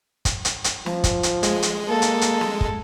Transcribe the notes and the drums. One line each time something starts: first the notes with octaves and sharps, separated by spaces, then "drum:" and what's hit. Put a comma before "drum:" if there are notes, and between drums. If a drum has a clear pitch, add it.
drum: kick, hi-hat
drum: hi-hat
drum: hi-hat
F3, drum: snare
drum: kick, hi-hat
drum: hi-hat
G#3, drum: hi-hat
drum: hi-hat
A#3 A4
drum: hi-hat
drum: hi-hat
drum: snare
drum: kick